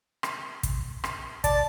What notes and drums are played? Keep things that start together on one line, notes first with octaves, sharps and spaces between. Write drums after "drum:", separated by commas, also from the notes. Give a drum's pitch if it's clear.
drum: rim click
drum: kick, hi-hat
drum: rim click
D5 A5, drum: kick, hi-hat